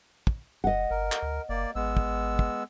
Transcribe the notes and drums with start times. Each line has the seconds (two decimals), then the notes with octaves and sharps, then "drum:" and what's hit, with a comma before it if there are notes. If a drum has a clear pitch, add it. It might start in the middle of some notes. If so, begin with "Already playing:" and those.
0.27 drum: kick
0.64 F1 D#5 F#5
0.91 G1 A#4
1.12 drum: clap
1.23 D2
1.49 F#1 A#3 D5
1.75 G#1 G#3 B3 E6
1.97 drum: kick
2.39 drum: kick